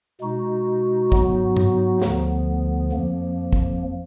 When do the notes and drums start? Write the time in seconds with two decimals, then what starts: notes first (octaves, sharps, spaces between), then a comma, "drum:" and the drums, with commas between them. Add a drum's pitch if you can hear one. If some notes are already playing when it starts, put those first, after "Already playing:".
0.21 B2 G#3 D#4 F#4
1.12 G#2 F#3 B3 D#4 F#4, drum: kick
1.57 drum: tom G2
2.02 D2 D3 F3 B3, drum: snare
2.92 F2 F3 A#3
3.53 drum: kick